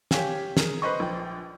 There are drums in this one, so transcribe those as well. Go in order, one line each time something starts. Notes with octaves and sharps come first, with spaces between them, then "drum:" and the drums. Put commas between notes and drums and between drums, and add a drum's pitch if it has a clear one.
G4 C#5 F5 G#5, drum: snare
G#4 A#4, drum: snare
B4 C5 D#5 C#6
A#1 G5